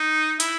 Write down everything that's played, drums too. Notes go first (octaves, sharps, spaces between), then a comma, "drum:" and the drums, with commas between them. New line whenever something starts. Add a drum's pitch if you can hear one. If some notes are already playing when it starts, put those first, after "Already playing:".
Already playing: D#4
E4, drum: hi-hat